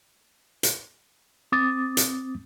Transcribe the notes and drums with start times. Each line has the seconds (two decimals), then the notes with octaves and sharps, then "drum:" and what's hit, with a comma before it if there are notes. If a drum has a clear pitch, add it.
0.63 drum: hi-hat
1.52 C4 D6 D#6 A6
1.97 drum: hi-hat